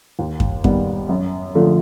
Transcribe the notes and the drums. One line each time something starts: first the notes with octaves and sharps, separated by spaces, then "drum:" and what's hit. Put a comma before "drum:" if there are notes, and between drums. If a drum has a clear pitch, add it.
D#2
drum: kick F#2
D#3 G3 B3, drum: kick F#2
F#2
D3 F3 A3 D4